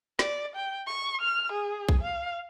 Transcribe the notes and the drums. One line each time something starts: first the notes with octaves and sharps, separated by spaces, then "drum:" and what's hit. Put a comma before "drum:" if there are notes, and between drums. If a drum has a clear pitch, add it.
D5, drum: snare
G5
C#6
F6
G#4
drum: kick B1
F5